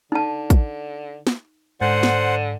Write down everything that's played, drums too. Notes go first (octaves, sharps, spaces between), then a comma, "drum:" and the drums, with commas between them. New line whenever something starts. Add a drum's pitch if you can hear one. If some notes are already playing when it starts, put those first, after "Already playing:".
D3 D#4 A5
drum: kick, hi-hat
drum: snare
G#2 D3 C5 F#5
drum: snare